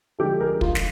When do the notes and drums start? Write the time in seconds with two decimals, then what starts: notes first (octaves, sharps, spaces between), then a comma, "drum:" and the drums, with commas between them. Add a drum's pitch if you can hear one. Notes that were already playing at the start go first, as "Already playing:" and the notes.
0.19 D3 F3 G#3 G4 A4
0.40 G#4 A#4
0.61 F4, drum: kick
0.75 drum: snare